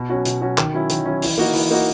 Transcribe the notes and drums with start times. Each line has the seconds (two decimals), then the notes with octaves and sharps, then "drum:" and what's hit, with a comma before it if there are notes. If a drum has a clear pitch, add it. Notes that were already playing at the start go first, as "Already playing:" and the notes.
Already playing: B2
0.10 F#3 C#4 F#4
0.25 B2, drum: hi-hat
0.42 F#3 C#4 F#4
0.58 D#3, drum: clap
0.74 F#3 C#4 E4
0.90 D#3, drum: hi-hat
1.05 F#3 C#4 E4
1.22 E3, drum: open hi-hat
1.38 A#3 D#4 F#4
1.54 E3, drum: open hi-hat
1.71 A#3 D#4 F#4